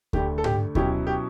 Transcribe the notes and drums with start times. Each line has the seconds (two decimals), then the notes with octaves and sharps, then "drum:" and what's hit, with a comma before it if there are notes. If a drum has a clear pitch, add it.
0.13 D2 D3 A3 G4, drum: kick D2
0.38 A4
0.44 G4, drum: tom G#2
0.75 B2 F#3 C#4 E4 G4, drum: kick D2
1.07 G4